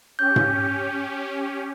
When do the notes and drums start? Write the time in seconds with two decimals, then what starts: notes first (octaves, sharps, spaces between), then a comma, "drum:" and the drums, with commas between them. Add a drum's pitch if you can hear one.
0.19 C#4 G4 G6
0.36 drum: tom G#2